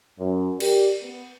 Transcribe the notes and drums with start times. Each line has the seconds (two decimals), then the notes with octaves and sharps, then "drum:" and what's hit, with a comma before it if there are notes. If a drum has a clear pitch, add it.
0.19 F#2
0.60 G4 A#4 D5, drum: cymbal
1.03 B3